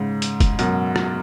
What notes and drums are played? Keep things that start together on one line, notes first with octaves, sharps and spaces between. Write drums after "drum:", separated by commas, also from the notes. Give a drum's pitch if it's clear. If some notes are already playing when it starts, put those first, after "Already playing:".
Already playing: G#2 C#3
drum: hi-hat
drum: kick F1, hi-hat
F#2 B2, drum: hi-hat
drum: rim click